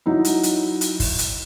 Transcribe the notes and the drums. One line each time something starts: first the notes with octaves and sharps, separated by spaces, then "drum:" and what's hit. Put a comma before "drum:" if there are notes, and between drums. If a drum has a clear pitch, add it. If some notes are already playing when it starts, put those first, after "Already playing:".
F#3 D#4 E4
drum: hi-hat
drum: hi-hat
drum: hi-hat
drum: kick, open hi-hat
drum: hi-hat